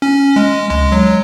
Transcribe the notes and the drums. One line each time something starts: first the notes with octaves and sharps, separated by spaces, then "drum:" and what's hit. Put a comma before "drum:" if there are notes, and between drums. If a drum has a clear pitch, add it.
C#4
G#3
G#3, drum: tom C#2
F#3